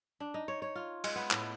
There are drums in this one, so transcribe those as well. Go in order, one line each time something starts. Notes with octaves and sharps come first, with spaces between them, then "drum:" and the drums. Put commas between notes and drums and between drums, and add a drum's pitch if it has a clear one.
D4
D#4
C#5
C#5
F4
G#3, drum: cymbal
B3
A2, drum: clap